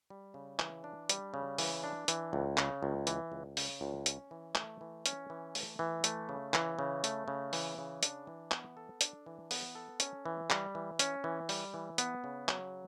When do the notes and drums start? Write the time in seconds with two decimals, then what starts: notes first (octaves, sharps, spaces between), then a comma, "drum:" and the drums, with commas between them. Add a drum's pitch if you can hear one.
0.10 G3
0.34 C#3
0.59 E3, drum: clap
0.84 D4
1.09 G3, drum: hi-hat
1.34 C#3
1.58 E3, drum: open hi-hat
1.84 D4
2.08 E3, drum: hi-hat
2.33 C#2
2.57 C#3, drum: clap
2.83 C#2
3.07 E3, drum: hi-hat
3.32 C#2
3.57 C#3, drum: open hi-hat
3.81 C#2
4.06 C#4, drum: hi-hat
4.31 E3
4.55 A3, drum: clap
4.81 E3
5.06 C#4, drum: hi-hat
5.30 E3
5.55 A3, drum: open hi-hat
5.79 E3
6.04 A3, drum: hi-hat
6.29 C#3
6.54 E3, drum: clap
6.79 C#3
7.04 A3, drum: hi-hat
7.28 C#3
7.53 E3, drum: open hi-hat
7.78 C#3
8.03 D4, drum: hi-hat
8.27 E3
8.51 B3, drum: clap
8.77 A4
9.01 D4, drum: hi-hat
9.26 E3
9.51 B3, drum: open hi-hat
9.75 A4
10.00 C#4, drum: hi-hat
10.26 E3
10.50 G3, drum: clap
10.75 E3
10.99 C#4, drum: hi-hat
11.24 E3
11.49 G3, drum: open hi-hat
11.74 E3
11.98 B3, drum: hi-hat
12.24 C#3
12.48 F#3, drum: clap